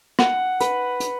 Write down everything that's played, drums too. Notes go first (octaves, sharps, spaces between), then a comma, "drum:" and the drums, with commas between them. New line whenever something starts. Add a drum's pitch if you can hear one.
F#5, drum: rim click
B4, drum: hi-hat
drum: hi-hat